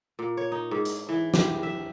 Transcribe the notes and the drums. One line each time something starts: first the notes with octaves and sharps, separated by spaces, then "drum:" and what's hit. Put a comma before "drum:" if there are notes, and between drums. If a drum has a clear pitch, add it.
A#2
C#5
D#4
G#2
drum: hi-hat
E3
G4, drum: snare
E5